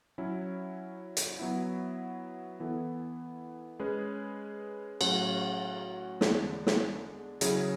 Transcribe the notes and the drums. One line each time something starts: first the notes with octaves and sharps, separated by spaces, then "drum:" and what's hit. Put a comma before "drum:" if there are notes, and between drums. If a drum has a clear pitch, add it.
F#3 C#4 E4
drum: hi-hat
F#3 B3 E4
E3 B3 E4 A4
G#3 C#4 G#4 B4
A2 F#3 C#4 F#4, drum: cymbal
E2 D3 G#3 D4, drum: snare
drum: snare
C#3 F#3 C#4 E4 G#4, drum: hi-hat